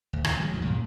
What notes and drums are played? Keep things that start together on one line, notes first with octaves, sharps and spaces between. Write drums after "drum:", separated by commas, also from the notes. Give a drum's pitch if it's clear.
D2
D#2 C#3, drum: rim click
F3 F#3 G#3
D#2 G#2 C#3
F#2 A#2 C#3